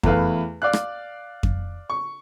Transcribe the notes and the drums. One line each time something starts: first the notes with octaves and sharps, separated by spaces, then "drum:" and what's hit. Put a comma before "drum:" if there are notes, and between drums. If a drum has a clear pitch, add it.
E2 A3 B4 F5, drum: kick F2
D5 F5 F#6
drum: rim click
drum: kick F2
C#6